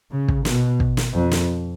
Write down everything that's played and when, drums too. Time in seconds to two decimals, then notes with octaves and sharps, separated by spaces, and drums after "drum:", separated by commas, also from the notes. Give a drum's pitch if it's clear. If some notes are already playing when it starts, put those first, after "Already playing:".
0.12 C#3
0.28 drum: kick
0.45 B2, drum: snare
0.80 drum: kick
0.97 drum: snare
1.14 F2
1.31 drum: snare